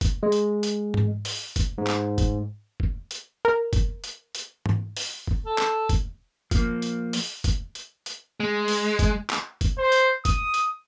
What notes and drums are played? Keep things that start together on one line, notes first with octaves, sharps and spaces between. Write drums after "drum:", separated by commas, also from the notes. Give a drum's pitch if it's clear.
drum: kick, hi-hat
G#3
drum: hi-hat
drum: hi-hat
drum: tom G#2
drum: open hi-hat
drum: kick, hi-hat
G#2
drum: clap
drum: kick, hi-hat
drum: kick
drum: hi-hat
A#4
drum: kick, hi-hat
drum: hi-hat
drum: hi-hat
drum: tom G#2
drum: open hi-hat
drum: kick
A4
drum: clap
drum: kick, hi-hat
F3 A#3, drum: kick, hi-hat
drum: hi-hat
drum: open hi-hat
drum: kick, hi-hat
drum: hi-hat
drum: hi-hat
G#3
drum: open hi-hat
drum: kick, hi-hat
drum: clap
drum: kick, hi-hat
C5
drum: hi-hat
D#6, drum: kick, hi-hat
drum: hi-hat